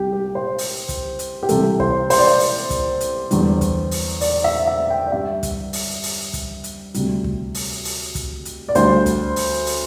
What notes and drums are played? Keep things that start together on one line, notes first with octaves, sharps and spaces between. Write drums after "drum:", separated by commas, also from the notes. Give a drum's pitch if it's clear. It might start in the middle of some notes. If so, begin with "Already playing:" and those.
Already playing: C2 C3 G3 G4
G4
C5
drum: open hi-hat
drum: kick, hi-hat
drum: hi-hat
G4
C2 C3 E3 A4, drum: hi-hat
C5, drum: kick
C5, drum: open hi-hat
D5
C5
drum: open hi-hat
drum: kick, hi-hat
drum: hi-hat
E2 D3 G3, drum: hi-hat
drum: kick, hi-hat
drum: open hi-hat
D5, drum: open hi-hat
E5
E5
G5
D5
G2 G3 E5
drum: kick, hi-hat
drum: open hi-hat
drum: open hi-hat
drum: kick, hi-hat
drum: hi-hat
D2 C3 G3, drum: hi-hat
drum: kick
drum: open hi-hat
drum: open hi-hat
drum: kick, hi-hat
drum: hi-hat
D5
D2 D3 G3 C5, drum: hi-hat
drum: kick, hi-hat
drum: open hi-hat
drum: open hi-hat